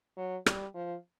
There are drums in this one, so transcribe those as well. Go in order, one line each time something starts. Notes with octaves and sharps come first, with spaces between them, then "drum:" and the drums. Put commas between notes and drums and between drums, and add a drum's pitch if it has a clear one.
F#3
G3, drum: rim click
F3